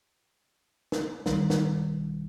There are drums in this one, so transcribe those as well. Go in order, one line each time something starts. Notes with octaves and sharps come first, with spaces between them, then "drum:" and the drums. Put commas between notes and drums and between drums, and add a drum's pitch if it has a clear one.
drum: snare
B1 D#3 G3, drum: snare
drum: snare